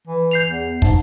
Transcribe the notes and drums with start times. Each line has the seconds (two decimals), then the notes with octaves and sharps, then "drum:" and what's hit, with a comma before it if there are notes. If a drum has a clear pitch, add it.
0.08 E3
0.31 G6 C7 F7
0.48 E2
0.82 G#2 E5 A5, drum: kick